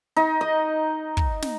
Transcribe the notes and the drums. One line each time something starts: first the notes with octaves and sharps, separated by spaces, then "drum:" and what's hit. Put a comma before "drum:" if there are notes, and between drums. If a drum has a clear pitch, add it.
D#4
D#5
drum: kick
drum: snare